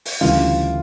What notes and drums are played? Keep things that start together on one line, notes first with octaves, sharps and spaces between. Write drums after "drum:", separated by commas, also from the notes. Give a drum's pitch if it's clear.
drum: open hi-hat
D2 C#3 E3 G3 F4, drum: snare